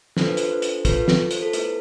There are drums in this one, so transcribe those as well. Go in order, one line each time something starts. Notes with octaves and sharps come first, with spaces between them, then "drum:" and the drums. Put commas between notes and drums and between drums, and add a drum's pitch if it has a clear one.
B3 D4 F4 A4 C5, drum: snare
B4
C5, drum: hi-hat
C5
drum: hi-hat
B3 F4 A4 B4, drum: kick, hi-hat
drum: snare
C5, drum: hi-hat
A4
A3 E4 A4 B4, drum: hi-hat